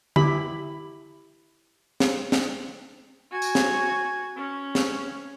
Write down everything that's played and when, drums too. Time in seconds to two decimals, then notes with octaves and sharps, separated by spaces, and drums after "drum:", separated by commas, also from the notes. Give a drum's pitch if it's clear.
0.16 E4 G4 B5, drum: tom D3
2.00 drum: snare
2.32 drum: snare
3.31 F#4 G#5
3.42 drum: tambourine
3.55 drum: snare
4.36 C#4
4.75 drum: snare